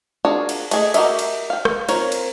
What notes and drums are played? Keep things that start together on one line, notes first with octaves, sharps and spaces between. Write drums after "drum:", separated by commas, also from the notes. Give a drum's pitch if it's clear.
D4 F4 F#4 G#4 A#4
drum: cymbal
A3 G#4 D#5, drum: cymbal
F#4 G4 A#4 D#5 E5, drum: cymbal
drum: cymbal
F5 G5
drum: rim click
C4 F4 A#4 C#5, drum: cymbal
drum: cymbal